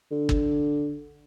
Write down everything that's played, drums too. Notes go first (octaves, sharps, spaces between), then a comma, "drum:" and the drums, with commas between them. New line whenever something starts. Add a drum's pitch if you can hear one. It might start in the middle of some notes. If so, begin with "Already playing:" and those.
D3
drum: kick